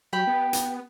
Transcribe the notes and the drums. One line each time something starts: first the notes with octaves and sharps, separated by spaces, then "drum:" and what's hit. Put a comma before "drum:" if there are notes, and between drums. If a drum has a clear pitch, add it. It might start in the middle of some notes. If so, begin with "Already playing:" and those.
F#3 G4 G5 B5
B3
drum: hi-hat